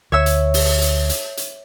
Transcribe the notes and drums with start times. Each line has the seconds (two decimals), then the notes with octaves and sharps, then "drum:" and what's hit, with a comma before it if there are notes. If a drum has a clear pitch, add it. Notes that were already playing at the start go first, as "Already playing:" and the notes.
0.12 D2 C#5 E5 E6
0.26 drum: hi-hat
0.54 drum: open hi-hat
0.82 drum: hi-hat
1.10 drum: hi-hat
1.37 drum: hi-hat